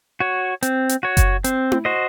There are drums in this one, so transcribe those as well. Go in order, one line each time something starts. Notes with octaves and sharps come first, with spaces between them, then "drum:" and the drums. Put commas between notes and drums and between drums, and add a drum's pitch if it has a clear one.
F#4 C#5
C4, drum: hi-hat
drum: hi-hat
F#4 C#5
drum: kick F#1, hi-hat
C4, drum: hi-hat
drum: tom E4
F#4 C5 D#5